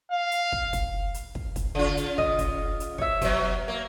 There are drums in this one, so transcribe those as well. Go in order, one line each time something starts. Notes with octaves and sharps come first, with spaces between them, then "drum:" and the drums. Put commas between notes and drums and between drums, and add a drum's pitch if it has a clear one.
F5
drum: hi-hat
drum: kick
drum: kick, hi-hat
drum: hi-hat
drum: kick
drum: kick, hi-hat
C#3 F4
drum: hi-hat
D#5, drum: kick
drum: kick, hi-hat
drum: hi-hat
C#5 E5, drum: kick
B2 F#3, drum: kick, hi-hat
A#3